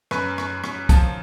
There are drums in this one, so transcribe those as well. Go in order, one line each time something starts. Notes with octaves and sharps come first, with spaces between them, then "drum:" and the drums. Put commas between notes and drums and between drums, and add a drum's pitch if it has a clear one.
F#2 B4, drum: rim click
F#2, drum: rim click
F#2, drum: rim click
F3 A5, drum: kick, hi-hat